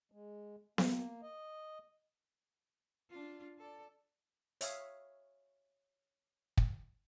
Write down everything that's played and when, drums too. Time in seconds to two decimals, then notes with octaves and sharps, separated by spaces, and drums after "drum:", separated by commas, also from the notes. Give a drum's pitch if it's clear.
0.12 G#3
0.78 A#3, drum: snare B3
1.22 D#5
3.10 D4 F4
3.59 A4 D5
4.61 C#5 E5 F5 D#6, drum: hi-hat
6.58 drum: kick